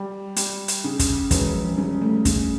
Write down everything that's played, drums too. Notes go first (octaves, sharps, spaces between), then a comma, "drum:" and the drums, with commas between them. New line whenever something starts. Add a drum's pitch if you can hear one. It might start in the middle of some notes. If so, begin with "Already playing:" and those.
Already playing: G3
G3, drum: hi-hat
drum: hi-hat
C#3
drum: kick, hi-hat
E1 E3, drum: kick, hi-hat
F3
C#3 G3
A3
C#3, drum: kick, hi-hat